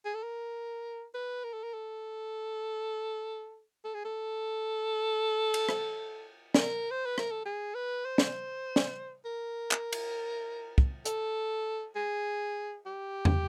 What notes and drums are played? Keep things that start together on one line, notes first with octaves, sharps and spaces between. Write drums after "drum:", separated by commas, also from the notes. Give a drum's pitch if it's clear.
G#4
A4
A#4
B4
A#4
A4
A#4
A4
A4
G#4
A4
drum: cymbal
drum: rim click
A#4, drum: snare
C5
B4
A#4, drum: rim click
A4
G#4
B4
C5
drum: snare
drum: snare
A#4
drum: clap
drum: cymbal
drum: kick
A4, drum: hi-hat
G#4
G4
drum: tom